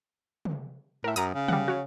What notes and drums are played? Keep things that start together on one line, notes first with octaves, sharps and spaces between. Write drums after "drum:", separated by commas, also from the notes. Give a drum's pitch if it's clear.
drum: tom
A2 A#4 E5
F#2 A#5 D#6, drum: hi-hat
C#3
G3 F#5, drum: tom
F#4 C#5